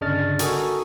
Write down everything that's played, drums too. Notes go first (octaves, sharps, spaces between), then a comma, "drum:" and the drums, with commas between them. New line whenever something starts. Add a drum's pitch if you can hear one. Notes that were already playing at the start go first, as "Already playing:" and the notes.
G1 C#3 D4 D#5 F6 A6
F#4 A4 A#4 G#5 C#6 D#6, drum: hi-hat